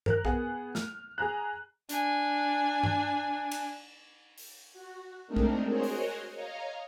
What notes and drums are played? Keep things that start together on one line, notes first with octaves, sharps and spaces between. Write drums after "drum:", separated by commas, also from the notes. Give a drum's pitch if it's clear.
A#4 F#6, drum: tom G2
B3 G#4 F#5, drum: kick
F6, drum: snare
G#4 G#5 A#5 F#6
D4 G#5, drum: hi-hat
drum: tom G2
drum: cymbal
drum: open hi-hat
F#4
G#3 A3 C4 D4 D#4 A#4
drum: kick
F#4 G#4 A#4 C5 C#5 D#5
drum: open hi-hat
C#5 D#5 F5 A#5